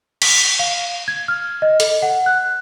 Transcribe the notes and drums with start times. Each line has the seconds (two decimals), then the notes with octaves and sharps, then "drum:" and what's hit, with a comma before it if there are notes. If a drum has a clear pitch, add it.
0.22 B6, drum: cymbal
0.59 F5
1.08 G#6
1.28 F6
1.62 D#5
1.80 A4, drum: hi-hat
2.02 F#5
2.26 F#6